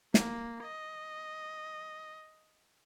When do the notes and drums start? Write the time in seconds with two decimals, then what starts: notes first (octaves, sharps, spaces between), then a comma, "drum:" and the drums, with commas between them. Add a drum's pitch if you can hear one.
0.14 A#3, drum: snare
0.64 D#5